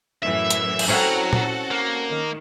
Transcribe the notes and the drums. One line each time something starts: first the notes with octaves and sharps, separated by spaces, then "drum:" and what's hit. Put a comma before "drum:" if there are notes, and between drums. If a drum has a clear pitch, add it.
F#2 A2 E3 E5
drum: hi-hat
drum: cymbal
F#3 C4 C#4 E4 A4 F#5 A#5
F#4 A4 F#5, drum: tom
A#3
D#3